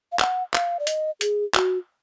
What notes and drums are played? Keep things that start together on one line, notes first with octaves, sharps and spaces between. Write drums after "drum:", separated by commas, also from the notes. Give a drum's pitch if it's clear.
F5
F#5, drum: clap
F5, drum: clap
D5
D#5, drum: hi-hat
G#4, drum: hi-hat
F#4, drum: clap